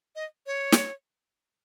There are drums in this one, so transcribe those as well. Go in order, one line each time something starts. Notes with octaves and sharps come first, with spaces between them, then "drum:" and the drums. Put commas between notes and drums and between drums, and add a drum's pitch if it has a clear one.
D#5
C#5
drum: snare